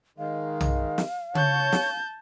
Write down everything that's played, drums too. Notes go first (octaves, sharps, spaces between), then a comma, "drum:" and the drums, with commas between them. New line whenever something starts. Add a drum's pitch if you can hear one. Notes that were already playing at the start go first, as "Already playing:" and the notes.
D#3 G#3 F5
drum: tom B1
drum: snare
C#5 A5 G6, drum: tom C#3
drum: snare